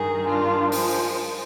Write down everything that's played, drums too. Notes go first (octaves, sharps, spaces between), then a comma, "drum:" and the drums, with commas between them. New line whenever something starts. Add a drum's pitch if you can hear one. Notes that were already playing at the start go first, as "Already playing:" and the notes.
Already playing: G2 D#3 G#4
D4 F4
F3 G#3, drum: open hi-hat